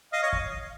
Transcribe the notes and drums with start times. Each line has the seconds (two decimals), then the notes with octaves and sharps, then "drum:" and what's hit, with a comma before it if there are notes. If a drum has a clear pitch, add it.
0.13 D#5 F5
0.23 C#5 D#5
0.33 drum: kick